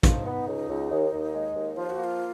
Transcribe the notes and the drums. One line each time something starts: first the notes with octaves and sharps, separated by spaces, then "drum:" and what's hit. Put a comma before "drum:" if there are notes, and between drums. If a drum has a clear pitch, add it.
F3 D#4, drum: kick, hi-hat
B3
C#2
C#2
D#2
D#2
G#3
D#2
F3 F4
F#4
A#3
F4